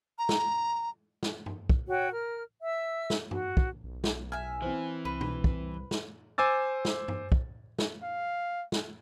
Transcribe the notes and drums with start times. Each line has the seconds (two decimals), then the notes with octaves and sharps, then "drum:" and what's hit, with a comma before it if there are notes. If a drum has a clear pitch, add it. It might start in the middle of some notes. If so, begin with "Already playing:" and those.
0.18 A#5
0.29 drum: snare
1.23 drum: snare
1.46 drum: tom G2
1.69 drum: kick
1.88 F#4 C#5 G5
2.12 A#4 F6
2.61 E5 E6
3.10 drum: snare
3.31 F#4, drum: tom G2
3.57 drum: kick
3.84 B1
4.04 drum: snare
4.32 E5 G#5 F6
4.62 E3 C4 E4 C5
5.05 C2 B4
5.21 drum: tom B2
5.44 drum: kick
5.91 drum: snare
6.38 C5 G#5 D6 E6 A6
6.85 drum: snare
7.08 drum: tom G2
7.32 drum: kick
7.79 drum: snare
8.02 F5
8.72 drum: snare